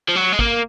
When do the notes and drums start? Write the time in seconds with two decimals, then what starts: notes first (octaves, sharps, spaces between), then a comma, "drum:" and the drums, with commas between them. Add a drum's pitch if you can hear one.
0.09 F3
0.16 F#3
0.33 G#3
0.39 A#3, drum: kick